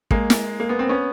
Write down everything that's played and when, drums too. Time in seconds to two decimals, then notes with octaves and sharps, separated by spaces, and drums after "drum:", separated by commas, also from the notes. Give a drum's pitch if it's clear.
0.11 G#3 A#3, drum: kick
0.30 drum: snare
0.60 A#3
0.69 B3
0.79 C4
0.89 B3 C#4